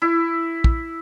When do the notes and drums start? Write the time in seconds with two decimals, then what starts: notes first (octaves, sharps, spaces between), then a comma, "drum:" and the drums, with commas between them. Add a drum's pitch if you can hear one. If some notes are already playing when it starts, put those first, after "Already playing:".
0.02 E4
0.64 drum: kick